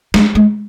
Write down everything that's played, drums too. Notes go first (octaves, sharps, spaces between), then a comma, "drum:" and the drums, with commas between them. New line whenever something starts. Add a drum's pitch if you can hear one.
G#3, drum: snare
G#3